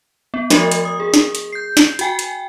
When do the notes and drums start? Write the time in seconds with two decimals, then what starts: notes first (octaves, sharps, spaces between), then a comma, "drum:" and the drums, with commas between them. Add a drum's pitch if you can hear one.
0.34 B3
0.50 F3 A3 F#4 A#4 D#5, drum: snare
0.71 drum: hi-hat
0.85 D#6
1.00 G#4
1.14 drum: snare
1.35 drum: hi-hat
1.53 G6 C7
1.77 drum: snare
1.99 F#4 G5 G#5, drum: hi-hat
2.19 drum: hi-hat